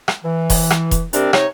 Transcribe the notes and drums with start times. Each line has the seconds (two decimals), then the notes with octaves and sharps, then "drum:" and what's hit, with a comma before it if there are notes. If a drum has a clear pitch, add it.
0.08 drum: rim click
0.24 E3
0.50 drum: kick E1, open hi-hat
0.70 drum: rim click
0.91 drum: kick E1, hi-hat
1.13 C3 G3 C4 D4 G4 A#4, drum: hi-hat
1.33 C3 D#4 C#5, drum: rim click